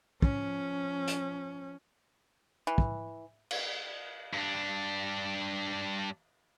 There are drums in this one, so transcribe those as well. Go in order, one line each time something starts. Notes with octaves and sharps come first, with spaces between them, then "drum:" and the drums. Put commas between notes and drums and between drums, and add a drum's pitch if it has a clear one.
F3 C#4, drum: kick
drum: hi-hat
E3
drum: kick
drum: cymbal
G2 D4